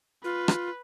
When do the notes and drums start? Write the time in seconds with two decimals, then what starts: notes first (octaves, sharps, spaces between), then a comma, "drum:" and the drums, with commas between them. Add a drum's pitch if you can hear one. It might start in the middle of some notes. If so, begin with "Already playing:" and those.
0.24 F4 B4
0.48 drum: rim click